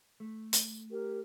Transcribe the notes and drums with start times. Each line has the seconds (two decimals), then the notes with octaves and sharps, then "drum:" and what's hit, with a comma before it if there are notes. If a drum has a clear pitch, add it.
0.20 A3
0.53 drum: hi-hat
0.91 G4 A#4